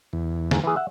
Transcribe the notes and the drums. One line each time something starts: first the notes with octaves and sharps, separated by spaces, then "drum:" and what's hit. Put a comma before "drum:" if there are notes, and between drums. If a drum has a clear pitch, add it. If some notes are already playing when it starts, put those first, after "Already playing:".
E2
G#2, drum: snare
E3 G#4
E5 F#5